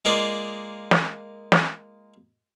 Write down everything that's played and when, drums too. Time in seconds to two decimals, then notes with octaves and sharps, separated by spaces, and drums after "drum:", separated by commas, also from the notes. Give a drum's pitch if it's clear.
0.05 G#3 A#3 F4 D5 D#5
0.91 drum: snare
1.52 drum: snare